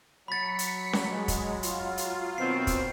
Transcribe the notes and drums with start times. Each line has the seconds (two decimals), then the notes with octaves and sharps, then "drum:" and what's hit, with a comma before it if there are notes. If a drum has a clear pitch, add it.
0.28 F#3 B5 A6 B6 C#7
0.59 drum: hi-hat
0.93 drum: snare C#4
1.09 G#3
1.28 drum: kick, hi-hat
1.63 F4, drum: hi-hat
1.97 drum: hi-hat
2.38 B2 D#3 C4 C7
2.67 drum: kick, hi-hat